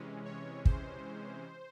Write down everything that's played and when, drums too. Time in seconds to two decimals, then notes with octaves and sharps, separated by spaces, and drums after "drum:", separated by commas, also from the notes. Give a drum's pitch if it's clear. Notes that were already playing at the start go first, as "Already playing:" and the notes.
Already playing: C3 E3 G#3 C#4
0.25 C#5
0.65 C5, drum: kick